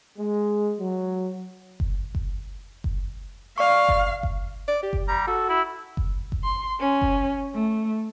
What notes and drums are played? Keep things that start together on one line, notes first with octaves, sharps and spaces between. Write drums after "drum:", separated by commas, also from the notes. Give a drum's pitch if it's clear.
G#3
F#3
drum: kick F#1
drum: kick F#1
drum: kick F#1
D5 F5 C#6
drum: kick F#1
drum: kick F#1
D5
G4
drum: kick F#1
G3 A#5
F#4 A4
E4
drum: kick F#1
drum: kick F#1
C6
C#4
drum: kick F#1
A3